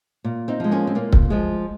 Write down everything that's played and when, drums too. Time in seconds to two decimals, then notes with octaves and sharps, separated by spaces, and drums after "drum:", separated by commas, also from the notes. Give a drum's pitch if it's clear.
0.24 A#2
0.48 C4 D#4
0.60 F3 G#3
0.71 A#3 C#4
0.87 C4
0.95 A#2 A#3
1.13 drum: kick C#1
1.30 F3 G#3